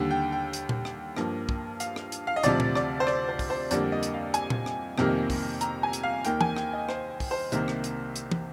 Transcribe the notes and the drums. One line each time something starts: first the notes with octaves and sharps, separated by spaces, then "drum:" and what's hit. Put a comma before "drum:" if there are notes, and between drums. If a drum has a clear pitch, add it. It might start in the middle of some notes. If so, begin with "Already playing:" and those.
Already playing: D#2 D3 G3
G5
G5
drum: hi-hat
drum: tom A#2
drum: rim click
G2 F3 A#3, drum: rim click
drum: kick
F5, drum: hi-hat
drum: rim click
drum: hi-hat
F5
D#5
D2 C3 F3 D5, drum: hi-hat
drum: tom A#2
D5, drum: rim click
C5
D5, drum: rim click
C5
drum: kick, open hi-hat
C5
F2 D3 G3 A#3 D5, drum: hi-hat
D#5
drum: hi-hat
F5
G#5, drum: hi-hat
drum: tom A#2
drum: rim click
F2 C3 D#3 G3 A#3, drum: rim click
drum: kick, open hi-hat
A#5, drum: hi-hat
G#5
drum: hi-hat
F5
D#2 D#3 A#3 G5, drum: hi-hat
G#5, drum: tom
G5, drum: rim click
D#5
C5, drum: rim click
drum: kick, open hi-hat
C5
C2 C3 D#3 A#3, drum: hi-hat
drum: rim click
drum: hi-hat
drum: hi-hat
drum: tom